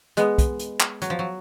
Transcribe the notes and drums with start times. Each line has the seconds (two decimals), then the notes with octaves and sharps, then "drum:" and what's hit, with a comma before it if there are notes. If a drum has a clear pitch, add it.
0.17 G#3 B3, drum: hi-hat
0.38 drum: kick, hi-hat
0.59 drum: hi-hat
0.80 drum: clap
1.02 F#3, drum: hi-hat
1.10 F3
1.19 F#3